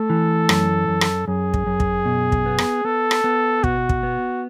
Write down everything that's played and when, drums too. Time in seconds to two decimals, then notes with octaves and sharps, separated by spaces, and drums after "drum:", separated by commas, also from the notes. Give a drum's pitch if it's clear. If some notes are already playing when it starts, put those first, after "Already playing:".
Already playing: A3 A4
0.10 E3
0.49 F#2, drum: rim click
0.88 F#2
1.01 drum: rim click
1.28 F#2 G#4
1.54 drum: kick
1.66 F#2
1.80 drum: kick
2.05 B2
2.32 drum: kick
2.46 B3
2.58 drum: rim click
2.85 B3 A4
3.11 drum: rim click
3.24 B3
3.64 B2 F#4, drum: kick
3.89 drum: kick
4.03 B3